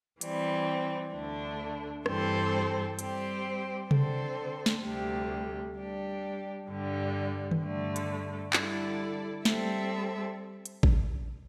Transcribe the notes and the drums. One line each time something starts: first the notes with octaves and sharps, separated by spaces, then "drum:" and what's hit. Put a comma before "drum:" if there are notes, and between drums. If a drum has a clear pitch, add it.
E3 G3 C4, drum: hi-hat
D2 D3 A3 D4
G2 E3 C4 A4 C5, drum: rim click
G3 C4 G4 C5, drum: hi-hat
D3 C4 A4 C5, drum: tom C3
drum: snare
D2 C3 G3
G3 D4 G4
G2 D3 G3
drum: tom D#3
G2 D3 A3
drum: hi-hat
D3 G3 E4 A4 D5, drum: clap
G3 C4 A4 E5, drum: snare
drum: hi-hat
drum: kick A1